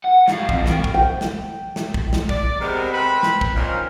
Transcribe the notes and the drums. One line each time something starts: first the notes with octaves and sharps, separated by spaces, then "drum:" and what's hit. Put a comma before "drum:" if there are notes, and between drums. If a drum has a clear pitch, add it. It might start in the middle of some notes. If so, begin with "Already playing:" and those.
F#5
F#2 F5, drum: snare
F3 C4, drum: kick
E3 G5, drum: snare
drum: kick
G5
drum: snare
drum: snare
drum: kick
drum: snare
D5, drum: kick
C3 G#3 B3 A#4
C4 B4 B5
drum: snare
drum: kick
A#2 D#3 C#4 A#4 C5